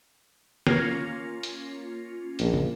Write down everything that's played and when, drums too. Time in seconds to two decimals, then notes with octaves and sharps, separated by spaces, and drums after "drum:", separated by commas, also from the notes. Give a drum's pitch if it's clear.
0.67 A#3 C#4 F4, drum: snare
1.43 drum: hi-hat
2.39 A#1, drum: hi-hat
2.54 drum: tom